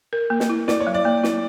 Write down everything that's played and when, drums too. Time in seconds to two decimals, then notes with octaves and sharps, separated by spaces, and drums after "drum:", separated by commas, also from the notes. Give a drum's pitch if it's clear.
0.13 A#4
0.30 A#3
0.40 drum: snare
0.49 E4
0.68 E4 D5, drum: snare
0.80 C#5
0.87 F#3
0.94 D5
1.05 A#3
1.24 E4, drum: snare